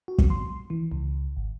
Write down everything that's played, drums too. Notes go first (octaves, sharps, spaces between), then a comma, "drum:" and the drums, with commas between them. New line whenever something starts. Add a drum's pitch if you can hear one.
F#4
drum: kick
C6
E3
C#2
G#1